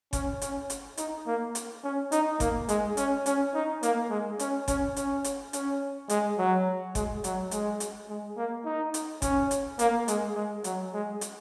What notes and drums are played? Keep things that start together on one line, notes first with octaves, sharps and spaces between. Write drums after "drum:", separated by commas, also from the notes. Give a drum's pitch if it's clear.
C#4, drum: kick G1, hi-hat
C#4, drum: hi-hat
drum: hi-hat
D#4, drum: hi-hat
A#3
drum: hi-hat
C#4
D#4, drum: hi-hat
A#3, drum: kick G1, hi-hat
G#3, drum: hi-hat
C#4, drum: hi-hat
C#4, drum: hi-hat
D#4
A#3, drum: hi-hat
G#3
C#4, drum: hi-hat
C#4, drum: kick G1, hi-hat
C#4, drum: hi-hat
drum: hi-hat
C#4, drum: hi-hat
G#3, drum: hi-hat
F#3
G#3, drum: kick G1, hi-hat
F#3, drum: hi-hat
G#3, drum: hi-hat
drum: hi-hat
G#3
A#3
D#4
drum: hi-hat
C#4, drum: kick G1, hi-hat
drum: hi-hat
A#3, drum: hi-hat
G#3, drum: hi-hat
G#3
F#3, drum: hi-hat
G#3
drum: hi-hat